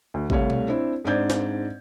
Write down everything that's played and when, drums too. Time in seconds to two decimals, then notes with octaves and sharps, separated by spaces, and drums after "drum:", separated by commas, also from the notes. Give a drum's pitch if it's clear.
0.14 D2
0.30 C2 G3 A3 C#5 F5, drum: kick
0.50 drum: tom B2
0.68 C4 D4 E4
1.05 G#2 C4 D4 D5 G6 G#6
1.30 drum: snare